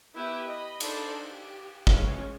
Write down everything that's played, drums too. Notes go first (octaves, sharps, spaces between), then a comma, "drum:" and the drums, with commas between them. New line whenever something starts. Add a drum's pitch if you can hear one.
B3 E4 G4 B4 E5 G5
D#5 B5
D4 D#4 A4 C5 D5, drum: cymbal
G4
G#3 C#4, drum: kick